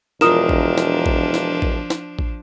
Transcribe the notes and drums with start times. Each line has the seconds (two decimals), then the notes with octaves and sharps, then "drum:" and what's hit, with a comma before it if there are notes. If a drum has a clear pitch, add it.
0.21 E1 F3 D4 F4 A#4 D#6 E7, drum: snare
0.49 drum: kick A1
0.78 drum: snare
1.06 drum: kick A1
1.34 drum: snare
1.62 drum: kick A1
1.90 drum: snare
2.19 drum: kick A1